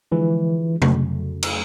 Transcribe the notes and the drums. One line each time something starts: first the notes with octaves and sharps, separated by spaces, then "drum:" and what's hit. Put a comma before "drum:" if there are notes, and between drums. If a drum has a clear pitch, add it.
D3 E3 F3 G#3
F2 C#3 F#3 A3, drum: tom
drum: cymbal